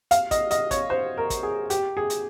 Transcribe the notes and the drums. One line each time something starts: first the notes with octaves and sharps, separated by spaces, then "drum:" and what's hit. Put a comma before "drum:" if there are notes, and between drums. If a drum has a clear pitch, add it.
F5, drum: hi-hat
D#5, drum: kick, hi-hat
D#5, drum: hi-hat
C#5, drum: kick, hi-hat
C5
A#4
drum: kick, hi-hat
G#4
G4, drum: hi-hat
G#4
drum: hi-hat